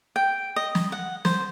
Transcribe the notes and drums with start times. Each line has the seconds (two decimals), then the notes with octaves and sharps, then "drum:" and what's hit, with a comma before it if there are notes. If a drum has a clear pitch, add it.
0.16 G5
0.56 D#5
0.75 drum: snare
0.92 F#5
1.25 C5, drum: snare